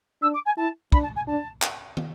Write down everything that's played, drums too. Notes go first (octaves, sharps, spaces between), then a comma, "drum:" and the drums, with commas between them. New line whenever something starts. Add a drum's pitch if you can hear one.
D4 E6
D6
G#5
E4 A5
D4 B5, drum: kick
A5
G#5
D4 A5
drum: clap
drum: tom